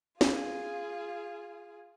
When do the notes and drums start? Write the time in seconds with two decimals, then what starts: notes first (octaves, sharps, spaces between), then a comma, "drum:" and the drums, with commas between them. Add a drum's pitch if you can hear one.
0.21 F4 G#4, drum: snare